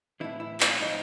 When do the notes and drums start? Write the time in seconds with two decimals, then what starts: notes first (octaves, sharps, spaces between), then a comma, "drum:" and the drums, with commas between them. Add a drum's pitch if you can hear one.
0.20 A2 E3 E4
0.40 E4
0.60 F4, drum: clap
0.80 A2 F3 D#4